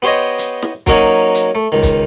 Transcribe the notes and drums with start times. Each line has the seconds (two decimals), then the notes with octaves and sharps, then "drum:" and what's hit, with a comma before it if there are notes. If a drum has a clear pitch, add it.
0.02 B3 G4 C5 C#5 D#5
0.38 drum: hi-hat
0.62 drum: snare
0.87 F#3 A#3 C#4 D#4 F#4 C#5, drum: kick, hi-hat
1.35 drum: hi-hat
1.55 A3
1.72 C#2 D#3
1.83 drum: kick, hi-hat